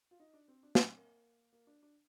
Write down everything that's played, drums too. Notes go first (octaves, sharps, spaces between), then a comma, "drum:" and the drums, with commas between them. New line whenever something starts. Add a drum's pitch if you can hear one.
F4
D#4
D4
C4
D4
D4, drum: snare
C4
A#3
A#3
D4
D4